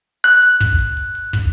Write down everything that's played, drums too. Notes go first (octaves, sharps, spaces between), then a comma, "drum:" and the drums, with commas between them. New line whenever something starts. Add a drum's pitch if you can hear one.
F#6, drum: hi-hat
drum: hi-hat
drum: kick, hi-hat
drum: hi-hat
drum: hi-hat
drum: hi-hat
drum: kick, hi-hat